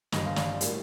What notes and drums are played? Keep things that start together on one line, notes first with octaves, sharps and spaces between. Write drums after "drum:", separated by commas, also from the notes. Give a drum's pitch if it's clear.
G1 G2 D3 G3 D#5, drum: snare
F5
D5, drum: snare
A2 G3 A#3, drum: hi-hat